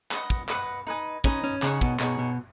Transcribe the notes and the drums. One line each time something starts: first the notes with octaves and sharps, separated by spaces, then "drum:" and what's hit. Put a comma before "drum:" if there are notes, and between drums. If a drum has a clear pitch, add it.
B4 D#5 F#5, drum: clap
drum: kick
B4 D#5 F#5, drum: clap
D#4 B4 D#5 G#5
C#4 D#4 B4 D#5 G#5, drum: kick
C#4
C#3 D#4 G#4 C#5 F#5, drum: clap
B2, drum: kick
B2 D#4 G#4 C#5 F#5, drum: clap
B2